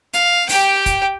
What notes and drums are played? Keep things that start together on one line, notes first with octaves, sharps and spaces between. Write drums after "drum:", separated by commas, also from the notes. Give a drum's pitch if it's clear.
F5, drum: hi-hat
G4 G5, drum: open hi-hat
drum: kick, hi-hat